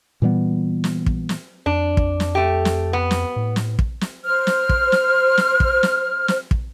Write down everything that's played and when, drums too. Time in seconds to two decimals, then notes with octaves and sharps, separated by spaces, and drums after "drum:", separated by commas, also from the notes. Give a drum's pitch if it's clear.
0.22 A#2 E3 G3 B3
0.84 drum: snare
1.06 drum: kick
1.29 drum: snare
1.66 F2 D4
1.97 drum: kick
2.20 drum: snare
2.35 A3 G4
2.65 drum: snare
2.93 B3
3.11 drum: snare
3.36 A2
3.56 drum: snare
3.79 drum: kick
4.01 drum: snare
4.24 C5 F6
4.47 drum: snare
4.69 drum: kick
4.92 drum: snare
5.37 drum: snare
5.60 drum: kick
5.83 drum: snare
6.28 drum: snare
6.51 drum: kick